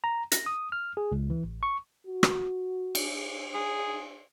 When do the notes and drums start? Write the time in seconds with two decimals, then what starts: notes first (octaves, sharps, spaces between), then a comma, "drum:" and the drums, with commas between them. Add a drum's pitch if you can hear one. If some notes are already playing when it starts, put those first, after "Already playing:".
0.04 A#5
0.32 A#6, drum: hi-hat
0.46 D#6
0.72 F6
0.97 G#4
1.12 C#2
1.30 E3
1.44 A1
1.63 C#6
2.07 F#4
2.23 drum: rim click
2.95 drum: cymbal
3.54 G#4